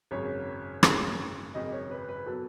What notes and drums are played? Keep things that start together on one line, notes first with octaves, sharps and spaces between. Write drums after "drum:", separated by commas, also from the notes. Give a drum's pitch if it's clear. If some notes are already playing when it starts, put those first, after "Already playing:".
G#1 F#2 C#3 C#5
G#1 F#2 C#3, drum: rim click
G#1 F#2 C#3 D#5
C#5
B4
B4
B2 F#3 A4